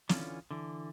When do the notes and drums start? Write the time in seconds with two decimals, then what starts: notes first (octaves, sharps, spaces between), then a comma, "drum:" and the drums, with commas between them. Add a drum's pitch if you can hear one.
0.09 D3 E3 C#4 F4, drum: snare
0.51 D3 E3